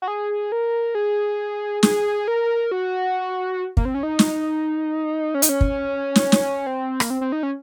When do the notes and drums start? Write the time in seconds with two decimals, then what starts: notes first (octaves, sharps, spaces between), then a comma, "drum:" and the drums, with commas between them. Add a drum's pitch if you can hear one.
0.02 F#4
0.08 G#4
0.52 A#4
0.95 G#4
1.83 G#4, drum: snare
2.28 A#4
2.72 F#4
3.77 A#3, drum: kick
3.85 C4
3.95 C#4
4.03 D#4
4.19 drum: snare
5.35 C#4
5.42 D#4, drum: hi-hat
5.49 C#4
5.61 drum: kick
6.16 drum: snare
6.32 drum: snare
6.67 C4
7.00 A#3, drum: rim click
7.10 C4
7.21 C4
7.32 D#4
7.43 C#4